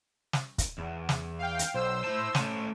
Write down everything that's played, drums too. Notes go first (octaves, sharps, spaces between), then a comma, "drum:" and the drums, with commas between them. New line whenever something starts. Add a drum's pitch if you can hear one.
drum: snare
drum: kick, hi-hat
E2
drum: snare
F5 G5
drum: hi-hat
B1 C5 E6
E4 A5
A3 C#4, drum: snare